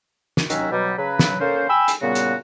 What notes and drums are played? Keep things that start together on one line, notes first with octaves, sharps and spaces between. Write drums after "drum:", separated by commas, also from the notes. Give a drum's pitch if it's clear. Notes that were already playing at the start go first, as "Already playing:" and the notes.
drum: snare
D#2 D#3 F#3 C#4 F#4 E5, drum: hi-hat
B2 F#3 G3
C#3 F#3 B4
drum: snare
A#3 C#4 A4 A#4 C5
G5 G#5 B5 E6
drum: hi-hat
A#2 C#3 G3 B3 F#4
drum: hi-hat